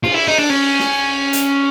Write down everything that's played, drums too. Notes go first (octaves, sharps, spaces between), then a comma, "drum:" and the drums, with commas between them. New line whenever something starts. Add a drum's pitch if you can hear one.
F4, drum: cymbal
E4
D#4
D4
C#4
drum: snare
drum: hi-hat